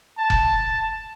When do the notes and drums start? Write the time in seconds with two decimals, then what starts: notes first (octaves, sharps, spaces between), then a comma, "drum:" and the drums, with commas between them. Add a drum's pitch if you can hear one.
0.19 A5
0.30 drum: kick F1